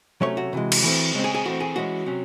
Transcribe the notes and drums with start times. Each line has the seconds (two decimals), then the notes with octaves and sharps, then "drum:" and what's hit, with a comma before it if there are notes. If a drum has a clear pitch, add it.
0.21 C3 F#3 A3 C#4 C#5
0.37 F#4
0.53 C3 E3 G#3
0.72 drum: cymbal
0.83 E3 A3 C4
1.14 C#3 G#3 C4
1.24 G#4
1.34 G#4
1.45 E3 A3 C4 F#4
1.60 G#4
1.76 E3 G#3 C#4 F#4
2.06 C3 F#3 C#4